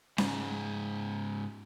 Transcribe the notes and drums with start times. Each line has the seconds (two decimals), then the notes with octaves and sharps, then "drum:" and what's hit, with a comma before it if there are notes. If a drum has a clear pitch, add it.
0.18 G#2 C#3, drum: snare C#4